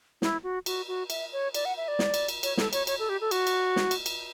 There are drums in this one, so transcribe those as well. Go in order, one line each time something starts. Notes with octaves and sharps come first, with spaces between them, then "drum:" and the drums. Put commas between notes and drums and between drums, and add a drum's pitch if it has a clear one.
E4, drum: snare
F#4
F#4, drum: cymbal
F#4
E5, drum: cymbal
C#5
D5, drum: cymbal
F#5
E5
D5
drum: snare
drum: cymbal
drum: cymbal
C#5, drum: cymbal
A4, drum: snare
C#5, drum: cymbal
C#5, drum: cymbal
A4
G4
A4
F#4, drum: cymbal
drum: cymbal
drum: snare
drum: cymbal
drum: cymbal